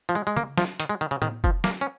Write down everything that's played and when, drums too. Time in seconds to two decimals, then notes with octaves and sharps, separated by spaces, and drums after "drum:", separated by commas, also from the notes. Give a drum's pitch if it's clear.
0.09 F3
0.15 G#3
0.27 G#3
0.37 A#3, drum: tom C#3
0.58 F3, drum: snare
0.80 D#3, drum: hi-hat
0.89 G#3
1.01 D#3
1.11 C#3
1.22 D#3, drum: tom
1.44 F3, drum: kick
1.64 A#3, drum: snare
1.81 C#4